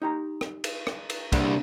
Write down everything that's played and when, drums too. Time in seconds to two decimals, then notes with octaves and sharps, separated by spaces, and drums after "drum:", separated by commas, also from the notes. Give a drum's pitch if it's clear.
0.02 D#4 G4 A#5
0.41 drum: rim click
0.64 drum: cymbal
0.87 drum: rim click
1.10 drum: cymbal
1.32 C2 G3 A#3 D4 F#5, drum: kick, cymbal